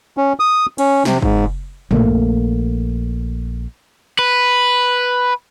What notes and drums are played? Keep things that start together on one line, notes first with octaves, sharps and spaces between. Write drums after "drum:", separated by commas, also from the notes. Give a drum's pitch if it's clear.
C#4
D#6
C#4, drum: cymbal
C3, drum: snare
G#2, drum: kick
A#1 A3 A#3, drum: tom
B4